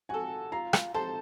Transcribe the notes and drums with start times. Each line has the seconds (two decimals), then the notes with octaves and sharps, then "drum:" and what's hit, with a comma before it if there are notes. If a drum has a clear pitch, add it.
0.09 F#4 A4 G#5
0.52 F4 A#5
0.73 drum: rim click
0.94 A4 C5 A5